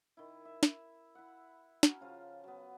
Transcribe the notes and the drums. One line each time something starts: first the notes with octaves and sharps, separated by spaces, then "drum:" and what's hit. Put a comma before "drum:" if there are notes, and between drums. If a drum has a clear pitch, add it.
D#3 E4
E5
drum: snare
E4 F#5
C#4 F#4 A#5, drum: snare
C#3 F3 F4 C5
F#3 B3